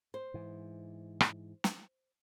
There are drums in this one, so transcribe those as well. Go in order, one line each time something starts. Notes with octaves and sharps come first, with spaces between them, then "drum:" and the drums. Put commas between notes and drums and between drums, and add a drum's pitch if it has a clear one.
C5
G#2 E3
drum: rim click
drum: snare